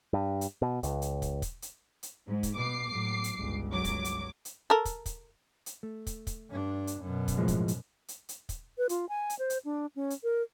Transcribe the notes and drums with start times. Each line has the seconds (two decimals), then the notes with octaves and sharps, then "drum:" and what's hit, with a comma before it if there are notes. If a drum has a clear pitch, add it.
0.13 G2
0.41 drum: hi-hat
0.62 B2
0.83 C#2, drum: hi-hat
1.02 drum: hi-hat
1.22 drum: kick, hi-hat
1.42 drum: kick, hi-hat
1.62 drum: hi-hat
2.03 drum: hi-hat
2.26 G#2
2.43 drum: kick, hi-hat
2.56 B2 D6 C7
2.91 A2 F#3
3.24 drum: hi-hat
3.36 G1 C#2
3.72 F#3 D6
3.84 drum: kick, hi-hat
4.05 drum: hi-hat
4.45 drum: hi-hat
4.70 A4 A#4
4.85 drum: kick, hi-hat
5.06 drum: kick, hi-hat
5.66 drum: hi-hat
5.83 A3
6.07 drum: kick, hi-hat
6.27 drum: kick, hi-hat
6.51 G2 D4
6.87 drum: hi-hat
7.02 F#2 B2
7.28 drum: kick, hi-hat
7.38 A2 F3 G#3
7.48 drum: kick, hi-hat
7.68 drum: hi-hat
8.08 drum: hi-hat
8.29 drum: hi-hat
8.49 drum: kick, hi-hat
8.78 B4
8.89 F4, drum: hi-hat
9.09 G#5
9.30 drum: hi-hat
9.39 C5
9.50 drum: hi-hat
9.65 D4
9.96 C#4
10.10 drum: hi-hat
10.23 A#4